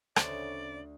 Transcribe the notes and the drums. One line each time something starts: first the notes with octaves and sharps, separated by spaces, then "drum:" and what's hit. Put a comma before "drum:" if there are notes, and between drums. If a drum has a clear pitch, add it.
D2 C#3 C#4 C5 D5, drum: rim click